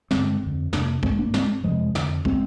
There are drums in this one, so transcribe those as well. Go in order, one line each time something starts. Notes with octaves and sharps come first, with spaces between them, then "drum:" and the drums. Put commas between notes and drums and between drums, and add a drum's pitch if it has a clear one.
G2 D3 G#3 C4, drum: snare
F2 D3
F2 C3 A#3 D4, drum: snare
G#2 G#3 C4, drum: kick
A#3 D4
G#2 G#3 C4, drum: snare
F2 C3 F3 G#3
F2 D3, drum: snare
G#3 C4, drum: kick